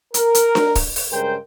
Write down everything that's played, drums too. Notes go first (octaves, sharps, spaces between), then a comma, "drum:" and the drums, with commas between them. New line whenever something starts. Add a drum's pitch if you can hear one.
A#4, drum: hi-hat
drum: hi-hat
drum: snare D4
drum: kick, open hi-hat
drum: open hi-hat
G2 C#3 G#3 A#4 C5 G5